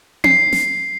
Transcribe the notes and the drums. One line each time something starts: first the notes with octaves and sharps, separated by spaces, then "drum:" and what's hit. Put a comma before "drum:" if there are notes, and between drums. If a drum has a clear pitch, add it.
C7, drum: tom C4
drum: snare